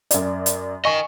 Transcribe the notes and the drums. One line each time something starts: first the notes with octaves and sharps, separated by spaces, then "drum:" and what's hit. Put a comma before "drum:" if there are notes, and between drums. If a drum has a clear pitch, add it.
F#2 D5, drum: hi-hat
drum: hi-hat
A#4 D#5 G#5 C#6